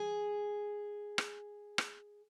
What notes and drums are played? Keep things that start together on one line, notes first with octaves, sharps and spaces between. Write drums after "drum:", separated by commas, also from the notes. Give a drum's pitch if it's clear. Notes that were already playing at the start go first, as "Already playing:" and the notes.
Already playing: G#4
drum: rim click
drum: rim click